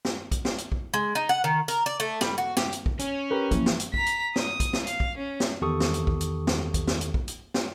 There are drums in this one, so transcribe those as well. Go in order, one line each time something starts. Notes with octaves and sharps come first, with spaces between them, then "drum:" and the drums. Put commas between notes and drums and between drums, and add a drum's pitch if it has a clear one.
drum: snare
drum: kick, hi-hat
drum: snare
drum: hi-hat
drum: kick
G#3
D#4
F#5
D#3
A#4, drum: hi-hat
D5
A3
G3, drum: snare
F#4
G4, drum: snare
drum: hi-hat
drum: kick
C#4, drum: hi-hat
G4 A#4 B4
E3 F3 A#3, drum: kick, hi-hat
drum: snare
drum: hi-hat
A#5 B6, drum: kick
drum: hi-hat
D#6, drum: snare
drum: kick, hi-hat
drum: snare
F5, drum: hi-hat
drum: kick
C#4
drum: snare
E2 D#3 G4 A4 C#6 D#6
drum: snare
drum: hi-hat
drum: kick
drum: hi-hat
drum: snare
drum: kick, hi-hat
drum: snare
drum: hi-hat
drum: kick
drum: hi-hat
drum: snare